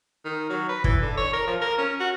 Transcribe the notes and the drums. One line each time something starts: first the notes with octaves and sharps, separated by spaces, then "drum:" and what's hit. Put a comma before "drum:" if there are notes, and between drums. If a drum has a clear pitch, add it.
D#3
F#3
B4
E3, drum: kick
D3
C#5
A#4
F3
A#4
C#4
F#4